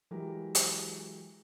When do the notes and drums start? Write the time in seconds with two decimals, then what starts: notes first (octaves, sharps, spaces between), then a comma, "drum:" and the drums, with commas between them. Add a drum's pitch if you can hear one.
0.11 E3 F#3 G#3 G4 A#4
0.55 drum: hi-hat